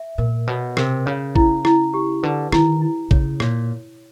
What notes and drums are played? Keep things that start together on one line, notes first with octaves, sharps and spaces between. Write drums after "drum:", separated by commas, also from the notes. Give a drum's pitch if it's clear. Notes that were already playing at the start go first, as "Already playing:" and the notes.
Already playing: E5
A#2 A#4
B2 C#5
C3 A#4, drum: rim click
C#3 C#5
E4, drum: kick A#1
E4, drum: rim click
G4
D3 B4
D#3 E4, drum: rim click
E4
C#3 C#5, drum: kick A#1
A#2 C#5, drum: rim click